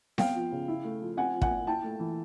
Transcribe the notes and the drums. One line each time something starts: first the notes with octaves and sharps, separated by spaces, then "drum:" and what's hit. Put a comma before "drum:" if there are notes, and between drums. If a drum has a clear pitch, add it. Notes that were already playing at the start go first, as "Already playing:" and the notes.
B3 F5 G5, drum: snare C4
F3
C#3
E4
A3
F3
C4 F#5 G#5
F3
F#5 G#5, drum: kick
A#2
E4 G5 A5
A3
E3